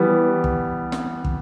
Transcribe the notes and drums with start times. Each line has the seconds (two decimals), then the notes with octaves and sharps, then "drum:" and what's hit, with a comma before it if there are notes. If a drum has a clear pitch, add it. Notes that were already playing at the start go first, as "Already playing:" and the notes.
Already playing: E3 G3 B3
0.44 drum: kick
0.92 drum: snare
1.24 drum: kick